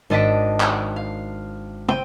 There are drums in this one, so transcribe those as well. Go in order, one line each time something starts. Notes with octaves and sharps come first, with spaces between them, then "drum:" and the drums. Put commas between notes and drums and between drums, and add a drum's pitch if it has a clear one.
G#1 D4 D#5 A5 B6 D7
drum: clap
F5
C4 G5 D#7, drum: tom